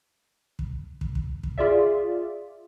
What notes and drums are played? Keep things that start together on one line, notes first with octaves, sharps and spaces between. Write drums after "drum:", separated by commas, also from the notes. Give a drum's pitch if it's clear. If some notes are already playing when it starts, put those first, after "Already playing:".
drum: kick
drum: kick
drum: kick
drum: kick
F4 G#4 D5 E5